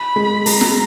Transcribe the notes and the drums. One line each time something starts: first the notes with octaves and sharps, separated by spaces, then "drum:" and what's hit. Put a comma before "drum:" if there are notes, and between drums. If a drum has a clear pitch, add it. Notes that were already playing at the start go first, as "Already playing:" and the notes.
Already playing: B5
G#3
G#3 A#5, drum: open hi-hat
drum: snare